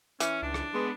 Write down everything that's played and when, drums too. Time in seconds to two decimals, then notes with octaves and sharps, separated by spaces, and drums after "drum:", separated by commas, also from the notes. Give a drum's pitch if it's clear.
0.20 E3 C#4, drum: hi-hat
0.42 C#2 D4
0.54 drum: rim click
0.74 G#3 B3